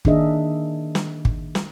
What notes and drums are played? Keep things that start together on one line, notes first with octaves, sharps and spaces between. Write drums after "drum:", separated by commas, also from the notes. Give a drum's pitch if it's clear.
D#3 A#3 D4 G#4 D#5 E5, drum: kick
drum: snare
drum: kick
drum: snare